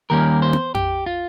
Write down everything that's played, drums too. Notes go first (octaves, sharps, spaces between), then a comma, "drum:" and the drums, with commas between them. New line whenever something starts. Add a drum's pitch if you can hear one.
D#2 D#3 G3 A#3 C#4 A#4
C5
drum: tom
G4, drum: tom F2
F4